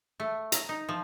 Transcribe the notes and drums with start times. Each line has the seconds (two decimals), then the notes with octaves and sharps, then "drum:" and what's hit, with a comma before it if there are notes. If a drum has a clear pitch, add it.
0.20 A3
0.52 A#5, drum: hi-hat
0.69 D#4
0.89 F3